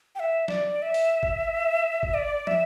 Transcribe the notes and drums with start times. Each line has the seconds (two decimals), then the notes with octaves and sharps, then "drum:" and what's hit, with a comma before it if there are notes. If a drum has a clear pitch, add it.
0.15 G5
0.20 E5
0.48 D5, drum: snare F#3
0.82 E5
0.94 drum: open hi-hat
1.23 drum: kick G#1
2.03 drum: kick G#1
2.14 D5
2.47 E5, drum: tom